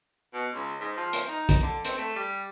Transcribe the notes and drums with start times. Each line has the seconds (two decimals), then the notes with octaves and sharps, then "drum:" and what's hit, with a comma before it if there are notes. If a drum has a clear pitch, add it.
0.34 B2
0.55 C#2
0.81 G#2
0.97 F3
1.13 drum: hi-hat
1.28 D#4
1.49 drum: kick, hi-hat
1.62 D3
1.85 C4, drum: hi-hat
1.98 A3
2.16 G3